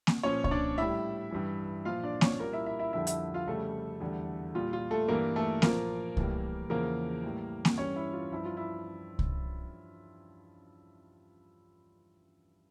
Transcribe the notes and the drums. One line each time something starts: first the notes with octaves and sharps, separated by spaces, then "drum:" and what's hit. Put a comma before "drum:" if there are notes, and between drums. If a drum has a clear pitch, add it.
drum: snare A#3
A#2 F3 C#4 C#5
C#5, drum: kick C2
D4 D5
A2 G3 E4 E5
G2 E3 G3
A#2 F3 F4 F5
D4 D5
C#4 C#5, drum: snare A#3
A#2 G3 A#3 A#4
E4 E5
E4 E5
E4 E5
F2 D3 G3 E4 E5
E4 E5, drum: hi-hat
F4 F5
F2 C#3 G3 A3 A4
E2 D3 G3
A#2 G3 F4
F4
A3 A4
G2 E3 G3 A#3 A#4
A3 A4
A#2 F3 A#3 A#4, drum: snare A#3
A2 E3 G3, drum: kick C2
E2 C#3 F3 A#3 A#4
A2 E3 G3
drum: snare A#3
G2 E3 G3 C#4 C#5
E4
F4
G2 F3 E4
F4
E4
drum: kick C2